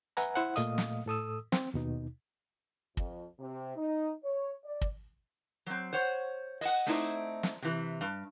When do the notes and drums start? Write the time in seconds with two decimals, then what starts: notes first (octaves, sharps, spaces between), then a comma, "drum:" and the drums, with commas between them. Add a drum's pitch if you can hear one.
0.17 B4 E5 F#5 G#5 A#5, drum: hi-hat
0.35 E4 C5 F#5
0.56 A#2 A3 D#5 F5 D#6, drum: hi-hat
0.78 drum: snare
1.06 A2 A4 D#6 E6
1.52 C4, drum: snare
1.74 D#2 B2 D#4
2.97 F2, drum: kick
3.40 C3
3.77 D#4
4.24 C#5
4.65 D5
4.81 drum: kick
5.66 F#3 C4
5.93 C5 C#5 F#5
6.61 D#5 F#5, drum: open hi-hat
6.86 A3 C4 D#4 E4 C#5 D5, drum: open hi-hat
7.43 drum: snare
7.62 C3 E3
8.01 G2